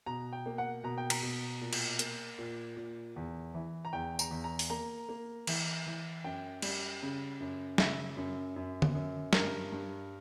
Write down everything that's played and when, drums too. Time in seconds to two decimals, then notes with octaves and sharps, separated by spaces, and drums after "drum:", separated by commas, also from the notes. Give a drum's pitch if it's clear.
0.06 B2 A#5
0.33 G5
0.46 A#3
0.58 F#5
0.84 B2 A#5
0.98 G5
1.10 A#5, drum: cymbal
1.22 B2
1.61 A#2
1.73 drum: cymbal
1.99 A#3, drum: hi-hat
2.38 A#2
2.76 A#2
3.16 E2
3.54 E3
3.85 A#5
3.93 E2 G5
4.19 A#5, drum: tambourine
4.31 E2
4.44 A#5
4.59 drum: open hi-hat
4.70 A#3 A#5
5.09 A#3
5.47 E3, drum: cymbal
5.86 E3
6.24 F#2 G5
6.62 G3, drum: cymbal
7.02 C#3
7.40 F#2
7.78 C#3 E5, drum: snare
8.17 F#2
8.56 F#2
8.82 drum: tom D3
8.95 F#2
9.33 G2 A#4, drum: snare
9.72 G2